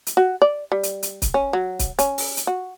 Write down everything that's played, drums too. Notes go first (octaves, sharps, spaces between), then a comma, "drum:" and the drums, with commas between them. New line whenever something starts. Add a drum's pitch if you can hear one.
drum: hi-hat
F#4
D5
G3
drum: hi-hat
drum: hi-hat
drum: kick C#1, hi-hat
C#4
F#3
drum: kick C#1, hi-hat
C#4, drum: hi-hat
drum: open hi-hat
drum: hi-hat
F#4